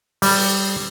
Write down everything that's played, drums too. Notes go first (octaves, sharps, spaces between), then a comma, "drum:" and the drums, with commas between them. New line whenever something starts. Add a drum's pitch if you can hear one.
G3, drum: open hi-hat